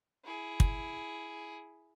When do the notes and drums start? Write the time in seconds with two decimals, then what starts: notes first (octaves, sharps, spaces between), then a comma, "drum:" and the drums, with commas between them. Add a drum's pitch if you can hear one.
0.25 E4 G#4
0.60 drum: kick